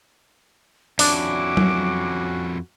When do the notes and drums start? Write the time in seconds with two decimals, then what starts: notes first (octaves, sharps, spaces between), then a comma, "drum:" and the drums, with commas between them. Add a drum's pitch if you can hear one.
0.99 F2 C#4 D4 E4 F#4 D6, drum: open hi-hat
1.57 drum: tom F#3